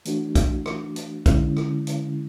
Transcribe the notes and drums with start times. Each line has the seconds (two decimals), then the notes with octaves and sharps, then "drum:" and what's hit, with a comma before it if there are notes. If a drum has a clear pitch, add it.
0.05 E3 A3 D4 F#4, drum: hi-hat
0.35 drum: kick, hi-hat
0.66 drum: rim click
0.96 drum: hi-hat
1.26 D3 G#3 C#4 E4, drum: kick, hi-hat
1.57 drum: rim click
1.87 drum: hi-hat